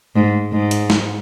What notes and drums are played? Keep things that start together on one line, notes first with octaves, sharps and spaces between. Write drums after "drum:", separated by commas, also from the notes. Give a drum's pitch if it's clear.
G#2
G#2
drum: hi-hat
drum: snare